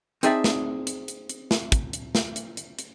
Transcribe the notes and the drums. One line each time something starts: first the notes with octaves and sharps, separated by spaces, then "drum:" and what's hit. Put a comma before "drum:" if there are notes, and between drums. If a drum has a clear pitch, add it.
C4 D#4 G#4 D5 E5 A5, drum: hi-hat
drum: snare
drum: hi-hat
drum: hi-hat
drum: hi-hat
drum: snare
drum: kick, hi-hat
drum: hi-hat
drum: snare
drum: hi-hat
drum: hi-hat
drum: hi-hat